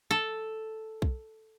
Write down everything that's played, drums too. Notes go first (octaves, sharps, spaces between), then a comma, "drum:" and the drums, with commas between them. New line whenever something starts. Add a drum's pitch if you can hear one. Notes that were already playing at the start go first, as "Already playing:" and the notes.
A4
drum: kick B1